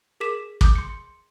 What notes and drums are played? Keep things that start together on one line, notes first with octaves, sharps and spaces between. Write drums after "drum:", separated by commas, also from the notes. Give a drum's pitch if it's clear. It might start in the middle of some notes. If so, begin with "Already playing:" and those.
G#4 A#4 D6 B6 E7
D6 D#6 G6, drum: kick
C6 C#7